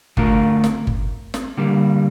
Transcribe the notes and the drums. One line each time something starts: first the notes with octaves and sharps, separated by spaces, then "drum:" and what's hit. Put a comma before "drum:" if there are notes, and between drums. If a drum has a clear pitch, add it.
D3 A3 D4 F4 A#4, drum: kick G1
drum: snare
drum: kick G1
drum: snare
D3 G3 A#3